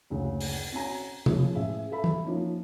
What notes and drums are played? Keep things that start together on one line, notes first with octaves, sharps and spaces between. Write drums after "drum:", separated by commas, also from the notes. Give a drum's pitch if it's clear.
F#1 D2 C#3
drum: open hi-hat
C4 C#4 F#4 G#5 A#5
C#3 F3 G#3 A#3, drum: tom
A1 G#3 E5
A4 E5 B5
drum: tom
F3 A#3 C#4 D#4